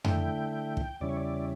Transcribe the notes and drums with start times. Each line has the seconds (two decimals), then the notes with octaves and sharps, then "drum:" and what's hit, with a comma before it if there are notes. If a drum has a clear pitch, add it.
0.04 D3 A3 E4 G5, drum: tom F2
0.53 G5
0.77 drum: kick
1.00 E2 C#3 G3 C#4 E4 D5
1.09 C#5
1.17 D5